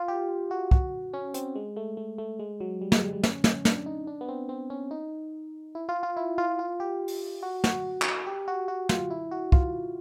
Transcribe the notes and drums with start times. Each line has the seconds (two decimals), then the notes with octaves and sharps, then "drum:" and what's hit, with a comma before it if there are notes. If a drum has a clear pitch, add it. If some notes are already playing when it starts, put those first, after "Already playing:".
Already playing: F4
0.08 G4
0.51 F#4
0.71 F#4, drum: kick
1.14 C#4
1.34 C4, drum: hi-hat
1.55 G#3
1.77 A3
1.97 A3
2.18 A3
2.39 G#3
2.60 F#3
2.82 G3
2.92 G#3, drum: snare
3.03 G3
3.13 G3
3.23 C#4, drum: snare
3.44 C#4, drum: snare
3.65 D4, drum: snare
3.86 D#4
4.07 D4
4.21 B3
4.28 C4
4.49 C4
4.70 C#4
4.91 D#4
5.75 E4
5.89 F4
6.03 F4
6.17 E4
6.38 F4
6.59 F4
6.80 G4
7.08 drum: open hi-hat
7.43 F#4
7.64 F#4, drum: snare
8.02 drum: clap
8.26 G4
8.48 F#4
8.68 F#4
8.89 F4, drum: snare
9.10 E4
9.31 F#4
9.52 F4, drum: kick